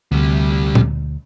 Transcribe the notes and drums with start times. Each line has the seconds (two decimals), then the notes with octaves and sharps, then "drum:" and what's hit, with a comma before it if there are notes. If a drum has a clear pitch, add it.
0.12 D2 C3 G3
0.75 drum: tom A#2